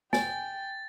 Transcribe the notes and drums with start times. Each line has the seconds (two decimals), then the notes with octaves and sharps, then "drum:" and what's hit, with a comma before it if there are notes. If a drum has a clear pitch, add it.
0.13 G5 G#5 A6, drum: snare